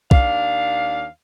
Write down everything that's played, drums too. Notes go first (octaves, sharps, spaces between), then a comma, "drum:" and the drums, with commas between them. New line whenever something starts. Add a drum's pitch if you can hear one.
D#2 D4 F5, drum: kick